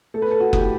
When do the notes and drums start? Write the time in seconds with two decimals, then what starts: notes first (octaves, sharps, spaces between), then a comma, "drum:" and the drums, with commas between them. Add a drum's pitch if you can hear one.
0.14 A3 A4
0.22 B4
0.31 A4
0.40 F#4
0.53 A2, drum: kick F#1
0.58 G4